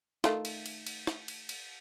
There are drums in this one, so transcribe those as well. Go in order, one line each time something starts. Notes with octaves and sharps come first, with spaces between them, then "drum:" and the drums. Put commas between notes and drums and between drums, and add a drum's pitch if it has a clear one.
D#3 A3 F4, drum: snare
drum: cymbal
drum: cymbal
drum: cymbal
drum: snare
drum: cymbal
drum: cymbal